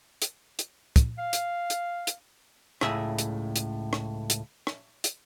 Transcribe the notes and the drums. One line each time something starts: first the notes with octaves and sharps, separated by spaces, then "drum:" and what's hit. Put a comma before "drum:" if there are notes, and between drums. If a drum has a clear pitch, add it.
drum: hi-hat
drum: hi-hat
drum: kick, hi-hat
F5
drum: hi-hat
drum: hi-hat
drum: hi-hat
C#2 A2 G#4 E5, drum: rim click
drum: hi-hat
drum: hi-hat
drum: rim click
drum: hi-hat
drum: rim click
drum: hi-hat